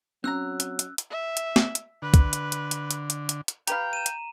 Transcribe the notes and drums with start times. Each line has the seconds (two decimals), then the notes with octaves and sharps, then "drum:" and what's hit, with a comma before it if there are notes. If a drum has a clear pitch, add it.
0.24 F#3 C4 C#4 A#5 E6 F#6
0.60 drum: hi-hat
0.79 drum: hi-hat
0.98 drum: hi-hat
1.10 E5
1.37 drum: hi-hat
1.56 drum: snare
1.75 drum: hi-hat
2.02 D3 B4
2.14 drum: kick, hi-hat
2.33 drum: hi-hat
2.52 drum: hi-hat
2.71 drum: hi-hat
2.91 drum: hi-hat
3.10 drum: hi-hat
3.29 drum: hi-hat
3.48 drum: hi-hat
3.67 G4 B4 F5 G5 A#5, drum: hi-hat
3.93 D#7 E7
4.06 drum: hi-hat